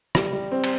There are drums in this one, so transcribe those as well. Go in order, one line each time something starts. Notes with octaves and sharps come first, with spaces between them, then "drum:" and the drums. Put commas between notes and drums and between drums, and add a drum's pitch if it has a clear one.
G3, drum: rim click
G3
C4
drum: cymbal